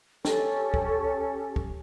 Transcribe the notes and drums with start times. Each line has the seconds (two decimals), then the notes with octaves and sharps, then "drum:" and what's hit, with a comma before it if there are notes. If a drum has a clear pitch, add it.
0.25 C#4 G4 A4, drum: snare
0.74 drum: kick
1.56 drum: kick